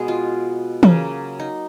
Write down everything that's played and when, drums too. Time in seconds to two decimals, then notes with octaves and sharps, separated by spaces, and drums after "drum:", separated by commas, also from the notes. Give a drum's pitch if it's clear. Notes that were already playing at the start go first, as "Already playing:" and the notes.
Already playing: B2 G#3 B3 G#4
0.08 F4
0.83 C#3 F#3 A#3, drum: tom E3
1.40 D#4